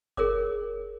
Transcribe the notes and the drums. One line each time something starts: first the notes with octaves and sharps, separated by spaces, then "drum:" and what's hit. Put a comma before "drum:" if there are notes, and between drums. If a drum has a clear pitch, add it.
G#4 A#4 C#5 D6, drum: kick F#1